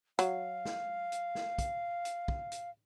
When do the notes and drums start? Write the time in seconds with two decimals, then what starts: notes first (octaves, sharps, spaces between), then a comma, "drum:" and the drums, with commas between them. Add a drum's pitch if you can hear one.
0.19 F#3 F5, drum: hi-hat
0.65 drum: snare
1.12 drum: hi-hat
1.35 drum: snare
1.58 drum: kick, hi-hat
2.05 drum: hi-hat
2.28 drum: kick
2.52 drum: hi-hat